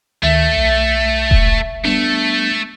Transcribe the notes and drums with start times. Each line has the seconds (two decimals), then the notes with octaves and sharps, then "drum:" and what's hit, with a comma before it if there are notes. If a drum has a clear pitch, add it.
0.23 D2 D#3 A3 E5
0.56 B1
1.31 drum: kick E1
1.85 G3 A3 B3 D4